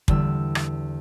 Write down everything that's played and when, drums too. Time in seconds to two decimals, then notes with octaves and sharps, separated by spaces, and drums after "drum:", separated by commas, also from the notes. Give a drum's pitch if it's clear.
0.08 E2 D3 G3 E6, drum: kick
0.55 drum: rim click